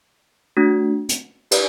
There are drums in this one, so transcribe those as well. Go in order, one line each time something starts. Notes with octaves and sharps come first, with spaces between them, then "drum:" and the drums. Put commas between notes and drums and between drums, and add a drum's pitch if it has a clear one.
A3 D4 F#4
drum: hi-hat
G4 B4 D5, drum: cymbal